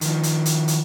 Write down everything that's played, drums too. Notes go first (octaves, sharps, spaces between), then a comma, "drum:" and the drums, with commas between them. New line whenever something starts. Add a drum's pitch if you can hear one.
D#3 F3, drum: hi-hat
drum: hi-hat
drum: hi-hat
drum: hi-hat